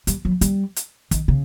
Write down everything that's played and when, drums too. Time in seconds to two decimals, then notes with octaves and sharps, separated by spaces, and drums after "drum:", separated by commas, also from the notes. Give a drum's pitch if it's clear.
0.07 G3, drum: hi-hat
0.25 F#3
0.41 G3, drum: hi-hat
0.76 drum: hi-hat
1.11 D#3, drum: kick, hi-hat
1.28 C#3